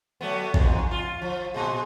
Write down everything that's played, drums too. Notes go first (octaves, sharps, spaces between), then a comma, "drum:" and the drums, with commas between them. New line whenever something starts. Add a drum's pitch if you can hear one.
F#3 A3 B3
E2 G#2, drum: kick
F4
F3
A#2 G#3